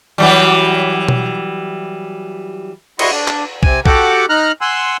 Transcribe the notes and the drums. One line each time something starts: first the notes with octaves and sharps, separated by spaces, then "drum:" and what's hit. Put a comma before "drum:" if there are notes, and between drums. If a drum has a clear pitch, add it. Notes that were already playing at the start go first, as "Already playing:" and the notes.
E3 F#3 G3
drum: tom B2
E4 F#4 D#5 C6 C#6, drum: cymbal
D4
drum: clap
C3 G#5, drum: kick
F#4 G4 A4 F#5 D6, drum: kick
D#4 A#5 F6 F#6
F#5 G#5 C6 E6